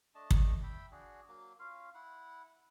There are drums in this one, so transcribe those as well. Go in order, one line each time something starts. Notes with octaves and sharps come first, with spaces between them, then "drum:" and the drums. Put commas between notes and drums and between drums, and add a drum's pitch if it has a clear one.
A3 D4 D#5 A5
drum: kick
E5 G5 B5
D4 F#4 G#4
F#3 A#3
C#4 F4 F5
E4 F#5